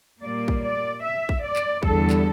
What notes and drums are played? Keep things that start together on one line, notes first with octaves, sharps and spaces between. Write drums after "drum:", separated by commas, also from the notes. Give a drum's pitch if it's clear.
A#2 G3 A#3 D5
drum: kick
D5
E5
drum: kick
D5
drum: clap
E2 D3 G3 A4, drum: kick
drum: clap